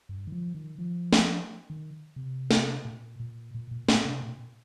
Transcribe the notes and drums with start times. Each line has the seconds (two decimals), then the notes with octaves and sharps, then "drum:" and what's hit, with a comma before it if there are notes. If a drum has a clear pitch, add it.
0.09 G2
0.27 D#3
0.32 F3
0.55 D#3
0.78 F3
1.13 drum: snare
1.70 D#3
2.16 C3
2.51 drum: snare
2.85 A#2
3.20 A#2
3.55 A#2
3.71 A#2
3.89 A#2, drum: snare
4.05 C3
4.23 A#2